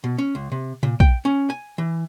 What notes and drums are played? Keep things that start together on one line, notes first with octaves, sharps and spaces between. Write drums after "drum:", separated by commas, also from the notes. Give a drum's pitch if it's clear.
B2
C#4
C#2
C3
A#2, drum: tom C3
G5, drum: kick A#1
C#4
G#5
E3